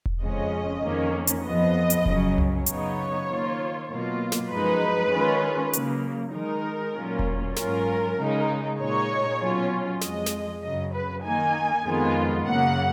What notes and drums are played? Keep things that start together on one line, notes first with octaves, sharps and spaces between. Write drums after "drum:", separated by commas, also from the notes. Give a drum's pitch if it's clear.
drum: kick E1
F2 C#3 F3 G#3 C#4 D#5
F2 D#3 A#3 C#4
drum: hi-hat
F2 F3 B3 D#5
drum: hi-hat
F#2 C#3 F#3 C#4, drum: kick E1
drum: tom C2
C#3 F#3 B3 D#4 C#5, drum: hi-hat
D#3 A#3 F4
B2 F#3 A#3 F4
drum: snare
F#2 F3 G#3 D#4 B4
D#3 G#3 C#4 F4
C#3 F#3 A#3, drum: hi-hat
D#3 G#3 D#4 A#4
A#2 F#3 A#3 C#4 F4
drum: kick E1
G#2 F#3 C#4 F4 A#4, drum: snare
C#3 G#3 D#4
A#2 G#3 D#4 C#5
B2 F#3 C#4 F4
F2 F3 G#3 D#5, drum: snare
drum: snare
F#2 C#3 F#3 D#5
B4
D#3 A#3 D#4 G#5
F2 D#3 G#3 B3 F4
F#2 C#3 F#3 A#3 F#5